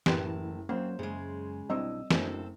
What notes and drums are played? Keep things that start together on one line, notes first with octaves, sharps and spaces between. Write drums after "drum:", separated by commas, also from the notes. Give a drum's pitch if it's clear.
F#1 A2 E3 G4 B4 A5 B5 C6, drum: snare
F#3 A#3 C4 C#4 C5
F#2 C#3 G#3 G#4 E5
B1 G3 C4 D4 E4 D#5 E6
F#1 A3 C4 D4 F#4 A4 D#5, drum: snare